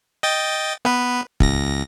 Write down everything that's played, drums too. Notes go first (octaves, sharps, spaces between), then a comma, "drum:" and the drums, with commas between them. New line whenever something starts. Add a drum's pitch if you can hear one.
D#5 G5 A6
B3 B4, drum: rim click
C#2 A#6, drum: kick